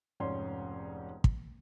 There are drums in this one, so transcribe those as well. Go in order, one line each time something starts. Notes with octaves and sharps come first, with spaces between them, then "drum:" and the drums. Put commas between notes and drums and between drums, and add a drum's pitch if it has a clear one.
F1 G#2 C#4 D5 C6
drum: kick